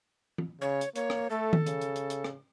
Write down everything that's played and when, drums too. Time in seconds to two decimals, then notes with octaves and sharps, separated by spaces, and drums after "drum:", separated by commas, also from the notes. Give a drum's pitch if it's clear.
0.38 drum: tom E3
0.61 C#3 C#5
0.81 drum: hi-hat
0.96 A#3 C#5, drum: hi-hat
1.10 drum: rim click
1.30 A3 A4
1.53 drum: tom D#3
1.67 C#3, drum: hi-hat
1.81 drum: hi-hat
1.96 drum: hi-hat
2.10 drum: hi-hat
2.24 drum: rim click